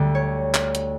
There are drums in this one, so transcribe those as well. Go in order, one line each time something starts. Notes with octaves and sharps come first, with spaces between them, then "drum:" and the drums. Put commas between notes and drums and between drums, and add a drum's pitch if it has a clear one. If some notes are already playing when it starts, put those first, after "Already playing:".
Already playing: D2 D3 G3 G5
C#5
drum: clap
drum: hi-hat